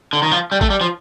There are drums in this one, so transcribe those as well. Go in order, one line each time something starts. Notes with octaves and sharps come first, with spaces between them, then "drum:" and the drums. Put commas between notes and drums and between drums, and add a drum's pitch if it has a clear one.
D3
D#3
F3
G3
A3, drum: kick G#1
G3
F3